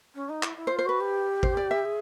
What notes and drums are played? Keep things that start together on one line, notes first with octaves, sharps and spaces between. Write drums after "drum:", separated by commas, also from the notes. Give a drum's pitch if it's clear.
C#4
D#4
E4, drum: clap
E4
C5
F4
C5
F#4 B4
G4
C5, drum: kick G#1
D5
E5
G#4